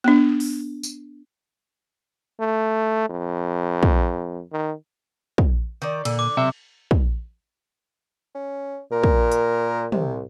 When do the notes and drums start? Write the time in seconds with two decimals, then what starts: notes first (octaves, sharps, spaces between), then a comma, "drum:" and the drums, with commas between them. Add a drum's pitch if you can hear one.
0.04 B3 D4
0.40 drum: open hi-hat
0.83 drum: tambourine
2.40 A3
3.09 F2
3.83 drum: kick
4.53 D#3
5.38 drum: kick
5.82 D#3 D5
6.05 A#2 D3, drum: cymbal
6.19 D6
6.37 B1 C3 E5
6.91 drum: kick
8.35 C#4
8.92 A#2 A#4
9.04 drum: kick
9.32 drum: hi-hat
9.92 C2 C3, drum: tom